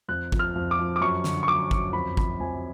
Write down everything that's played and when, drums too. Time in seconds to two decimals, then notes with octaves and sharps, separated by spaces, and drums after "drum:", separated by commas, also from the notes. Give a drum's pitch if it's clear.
0.08 F2 F#6
0.32 F3, drum: kick G#1
0.39 F6
0.56 F2
0.71 D6
0.79 F3
0.96 D6
1.01 F#2 C#6
1.24 D3, drum: snare
1.43 C#6
1.48 F#3 D6
1.71 F#2, drum: kick G#1
1.93 F2 B5
2.17 F3 B5, drum: kick G#1
2.40 F2 G#5